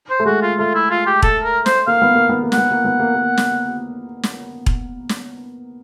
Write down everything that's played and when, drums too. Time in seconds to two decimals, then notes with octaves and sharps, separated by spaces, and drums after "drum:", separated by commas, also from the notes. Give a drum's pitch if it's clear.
0.10 C5
0.19 A3
0.25 G#3 F#4
0.42 F4
0.59 A3 F4
0.74 E4
0.90 F4
1.07 G4
1.22 A4, drum: kick E1
1.44 A#4
1.66 C5, drum: snare
1.87 A#3 F5
2.02 B3
2.15 A#3
2.29 B3
2.43 A#3
2.52 F#5, drum: snare
2.58 B3
2.71 A#3
2.85 B3
3.00 A#3
3.15 A#3
3.38 drum: snare
4.23 drum: snare
4.66 drum: kick E1
5.09 drum: snare